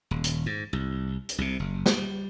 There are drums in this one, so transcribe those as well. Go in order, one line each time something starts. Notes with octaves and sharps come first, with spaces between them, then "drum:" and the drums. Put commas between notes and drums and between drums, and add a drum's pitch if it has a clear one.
D#1
drum: hi-hat
G#2
C2
drum: hi-hat
C2 C3
F#1
G3, drum: snare